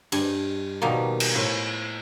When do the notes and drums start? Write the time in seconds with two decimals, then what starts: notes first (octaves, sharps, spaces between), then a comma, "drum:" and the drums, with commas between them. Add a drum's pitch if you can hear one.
0.12 G2 G#5, drum: cymbal
0.82 B2 D#3 F3 G3 A#3
1.20 drum: cymbal
1.35 A2 B4 C5